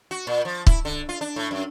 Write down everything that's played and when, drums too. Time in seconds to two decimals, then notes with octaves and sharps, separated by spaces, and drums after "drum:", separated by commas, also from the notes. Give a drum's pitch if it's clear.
0.11 F#4
0.27 A#2
0.45 F3
0.67 E4, drum: kick
0.85 D3
1.09 F4
1.21 D4
1.36 A2
1.51 F#2